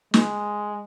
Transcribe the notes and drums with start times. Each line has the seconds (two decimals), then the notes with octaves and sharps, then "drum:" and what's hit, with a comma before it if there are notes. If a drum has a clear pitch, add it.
0.14 G#3, drum: snare